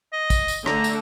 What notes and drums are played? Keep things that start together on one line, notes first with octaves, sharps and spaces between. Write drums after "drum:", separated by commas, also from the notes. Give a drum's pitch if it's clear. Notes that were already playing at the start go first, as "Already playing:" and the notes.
D#5
drum: kick, tambourine
drum: tambourine
D3 A3 A4 A#5, drum: rim click
drum: tambourine